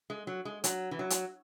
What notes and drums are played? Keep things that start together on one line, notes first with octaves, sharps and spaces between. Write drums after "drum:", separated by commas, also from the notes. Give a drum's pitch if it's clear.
G#3
F#3
G#3
F#3, drum: hi-hat
E3
F#3
drum: hi-hat